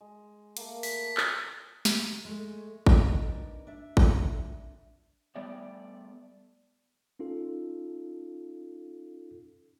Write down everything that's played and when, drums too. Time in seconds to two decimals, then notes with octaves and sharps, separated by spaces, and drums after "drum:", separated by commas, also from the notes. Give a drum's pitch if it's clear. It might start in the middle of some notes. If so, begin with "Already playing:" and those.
0.01 G#3
0.57 A3 A#3, drum: hi-hat
0.83 B6, drum: open hi-hat
1.06 A4
1.17 drum: clap
1.85 drum: snare
2.25 G#3 A3
2.87 D4 D#4 A#4 B4 D5, drum: kick G#1
3.67 D4 E5
3.97 drum: kick G#1
5.36 G3 A3 B3 D5 E5
7.19 C#4 D#4 F4 A4